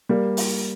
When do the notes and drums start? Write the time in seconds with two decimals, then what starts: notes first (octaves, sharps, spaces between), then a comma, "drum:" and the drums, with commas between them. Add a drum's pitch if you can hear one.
0.09 G3 A#3
0.37 drum: open hi-hat